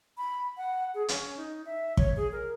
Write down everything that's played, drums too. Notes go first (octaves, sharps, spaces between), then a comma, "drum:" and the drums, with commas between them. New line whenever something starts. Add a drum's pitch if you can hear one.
B5
F#5
G#4
C#4, drum: hi-hat
D#4
E5
C#5, drum: kick
G#4
A#4